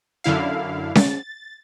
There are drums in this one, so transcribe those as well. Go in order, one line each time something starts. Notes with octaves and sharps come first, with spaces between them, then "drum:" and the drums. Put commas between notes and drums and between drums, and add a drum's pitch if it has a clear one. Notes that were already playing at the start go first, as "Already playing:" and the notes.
F#2 D3 E4 F5
A6, drum: snare C#4